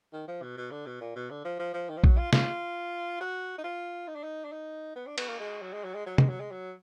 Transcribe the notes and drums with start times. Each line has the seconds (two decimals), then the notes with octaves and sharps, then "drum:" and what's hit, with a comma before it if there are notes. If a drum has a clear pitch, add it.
0.13 D#3
0.28 F3
0.43 B2
0.57 B2
0.71 D3
0.86 B2
1.01 A#2
1.16 B2
1.31 D3
1.45 F3
1.59 F3
1.74 F3
1.89 D#3
1.97 F3
2.04 F#3, drum: kick A#1
2.18 F4
2.33 F4, drum: snare
3.21 F#4
3.59 D#4
3.64 F4
4.08 D#4
4.16 D4
4.23 D#4
4.45 D4
4.52 D#4
4.96 B3
5.07 D4
5.18 B3, drum: cymbal
5.29 A#3
5.40 G#3
5.62 F#3
5.73 G#3
5.84 F#3
5.95 G#3
6.07 F#3
6.18 G#3, drum: tom
6.29 F#3
6.40 G#3
6.51 F#3